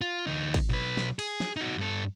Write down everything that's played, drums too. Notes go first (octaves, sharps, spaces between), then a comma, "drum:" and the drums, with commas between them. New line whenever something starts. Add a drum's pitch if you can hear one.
F4
D2 D#4
drum: kick, cymbal
B1 B4
drum: snare
G#4, drum: cymbal
drum: snare
D#4 F#4
G2 A4